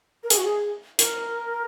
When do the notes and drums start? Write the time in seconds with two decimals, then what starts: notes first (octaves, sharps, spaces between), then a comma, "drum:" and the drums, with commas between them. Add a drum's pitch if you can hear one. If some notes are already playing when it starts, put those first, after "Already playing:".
0.23 A#4
0.30 G#4, drum: hi-hat
0.37 F#4
0.44 G#4
0.99 A#4, drum: hi-hat